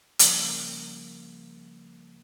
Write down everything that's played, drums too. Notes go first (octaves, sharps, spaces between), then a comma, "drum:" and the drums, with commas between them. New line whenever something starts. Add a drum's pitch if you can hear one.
C#3 F3 G3 A#3, drum: hi-hat